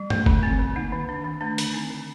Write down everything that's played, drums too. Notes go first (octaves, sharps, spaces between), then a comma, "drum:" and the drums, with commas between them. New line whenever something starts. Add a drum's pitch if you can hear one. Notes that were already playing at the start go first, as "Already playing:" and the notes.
Already playing: G3
A3, drum: tom G2
D3, drum: kick F#1
C4
D3
A#3 D#4
D#3
D4
D#3
A3 D4
D3, drum: hi-hat
C4 D#4
D3